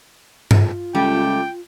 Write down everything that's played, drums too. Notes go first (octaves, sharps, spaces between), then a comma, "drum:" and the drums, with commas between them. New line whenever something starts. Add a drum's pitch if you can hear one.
F4, drum: tom G2
C#2 G3 A3 G4 G5